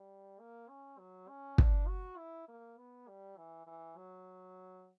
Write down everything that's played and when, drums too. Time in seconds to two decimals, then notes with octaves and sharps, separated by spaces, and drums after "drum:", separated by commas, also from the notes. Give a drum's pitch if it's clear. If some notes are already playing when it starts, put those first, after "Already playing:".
Already playing: G3
0.40 A#3
0.69 C#4
0.99 F#3
1.28 C#4
1.58 D4, drum: kick
1.88 F#4
2.18 E4
2.48 A#3
2.78 B3
3.08 G3
3.37 E3
3.67 E3
3.97 F#3